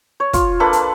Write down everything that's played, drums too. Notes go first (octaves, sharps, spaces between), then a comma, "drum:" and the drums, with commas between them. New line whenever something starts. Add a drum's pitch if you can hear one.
C#5
F4, drum: kick, hi-hat
A#3 D4 A4 B4
B4, drum: hi-hat